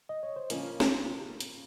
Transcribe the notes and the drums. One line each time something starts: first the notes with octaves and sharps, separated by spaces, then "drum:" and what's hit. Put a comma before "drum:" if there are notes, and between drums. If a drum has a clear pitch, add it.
D#5
C#5
C5
C#3 F3 A#3 C#4 A#4, drum: hi-hat
drum: snare
drum: hi-hat